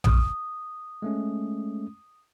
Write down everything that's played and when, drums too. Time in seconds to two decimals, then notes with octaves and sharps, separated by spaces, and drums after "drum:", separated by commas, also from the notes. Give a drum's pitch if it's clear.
0.04 D#6, drum: tom A#1
1.02 G#3 A3 C#4